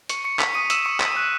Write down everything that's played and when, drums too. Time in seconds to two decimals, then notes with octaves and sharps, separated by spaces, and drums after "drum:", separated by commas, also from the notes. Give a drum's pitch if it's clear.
0.09 C#6 C#7, drum: hi-hat
0.25 C#6 C#7
0.39 B6, drum: clap
0.55 D#6 D#7
0.70 E6 E7, drum: hi-hat
0.85 C#6 C#7
1.00 B6, drum: clap
1.17 F#6